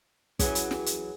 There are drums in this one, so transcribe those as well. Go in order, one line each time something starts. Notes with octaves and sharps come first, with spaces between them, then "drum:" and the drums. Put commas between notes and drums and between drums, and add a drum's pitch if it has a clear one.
E3 F#3 C#4 G#4, drum: kick, hi-hat
drum: hi-hat
drum: snare
drum: hi-hat